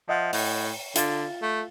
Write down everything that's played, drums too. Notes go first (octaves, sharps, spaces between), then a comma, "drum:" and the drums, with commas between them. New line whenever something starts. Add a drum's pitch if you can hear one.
F3 D#5 E5 F#5
A2, drum: open hi-hat
D3 F4 F5 A6, drum: hi-hat
A3